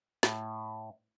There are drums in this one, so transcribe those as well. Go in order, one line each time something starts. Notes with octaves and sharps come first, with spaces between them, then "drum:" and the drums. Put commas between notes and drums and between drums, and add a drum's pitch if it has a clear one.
A2, drum: snare